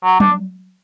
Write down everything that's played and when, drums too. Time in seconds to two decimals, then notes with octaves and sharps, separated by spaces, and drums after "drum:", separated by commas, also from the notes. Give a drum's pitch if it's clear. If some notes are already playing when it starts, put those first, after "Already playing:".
0.04 F#3
0.20 D4, drum: tom F#3